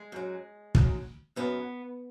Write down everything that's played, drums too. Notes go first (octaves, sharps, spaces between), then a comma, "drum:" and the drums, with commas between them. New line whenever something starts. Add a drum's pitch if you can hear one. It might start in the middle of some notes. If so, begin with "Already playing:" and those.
Already playing: G#3
F#2 F#3
F#2 D#3 F#3, drum: kick
F#2 C#3 F#3 B3